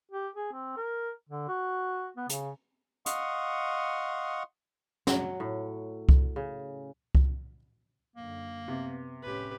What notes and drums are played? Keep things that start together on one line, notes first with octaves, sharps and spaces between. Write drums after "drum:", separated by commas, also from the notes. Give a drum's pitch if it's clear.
G4
G#4
C4
A#4
D3
F#4
B3
C#3, drum: hi-hat
D#5 F5 F#5 C6 C#6 D#6, drum: hi-hat
F#3, drum: snare
A2
drum: kick C2
C#3
drum: kick C2
F#2 D3 A#3
C3 B3
F1 A2 C#4 G4 B4